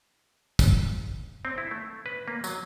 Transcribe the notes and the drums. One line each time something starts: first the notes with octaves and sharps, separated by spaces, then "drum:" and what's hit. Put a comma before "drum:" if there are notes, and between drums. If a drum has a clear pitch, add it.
drum: kick, tambourine
C4
E4
A3
B4
A#3
F#3, drum: tambourine